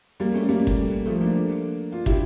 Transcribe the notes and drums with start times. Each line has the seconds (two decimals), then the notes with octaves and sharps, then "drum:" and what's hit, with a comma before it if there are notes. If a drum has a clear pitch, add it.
0.20 G3 A#3
0.34 A3 C#4
0.49 G3 A#3
0.67 drum: kick
1.06 F3 A3
1.21 A#3 D4
1.92 D4 F4
2.06 E4 G4, drum: kick